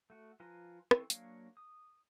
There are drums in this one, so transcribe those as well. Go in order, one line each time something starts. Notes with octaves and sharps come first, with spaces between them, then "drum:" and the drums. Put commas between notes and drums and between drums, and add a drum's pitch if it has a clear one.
A3 F#4
F3 F4 B4 G#5 A#5
E3 C4 A4 C#6, drum: rim click
F#3 A#3 D4 C#5 F5, drum: hi-hat
D#6